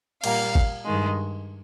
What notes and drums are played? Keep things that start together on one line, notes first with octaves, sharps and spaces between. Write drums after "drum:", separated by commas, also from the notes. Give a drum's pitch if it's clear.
A#2 G3 A#3 F5, drum: cymbal
drum: kick G#1
G2 D#3 G#3